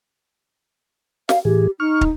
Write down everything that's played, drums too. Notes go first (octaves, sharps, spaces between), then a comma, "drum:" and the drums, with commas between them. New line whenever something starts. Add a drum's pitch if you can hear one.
F5, drum: snare
A2 E3 G4 G#4
D#4 C#6 F6
drum: kick